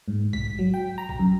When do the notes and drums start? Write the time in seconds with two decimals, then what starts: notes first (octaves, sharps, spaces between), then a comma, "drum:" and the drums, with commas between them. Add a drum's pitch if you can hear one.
0.08 G#2
0.33 B6, drum: kick
0.59 F#3
0.74 G5
0.98 A#5
1.09 drum: kick
1.19 F#2